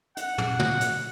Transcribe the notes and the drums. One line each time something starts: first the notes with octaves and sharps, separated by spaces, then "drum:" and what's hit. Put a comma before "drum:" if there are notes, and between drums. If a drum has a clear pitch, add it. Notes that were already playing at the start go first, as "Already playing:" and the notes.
F#5, drum: hi-hat
drum: tom
drum: tom
drum: hi-hat